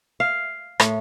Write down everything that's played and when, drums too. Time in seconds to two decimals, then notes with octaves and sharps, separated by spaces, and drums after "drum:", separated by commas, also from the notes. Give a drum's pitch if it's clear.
0.20 F5
0.80 A2, drum: rim click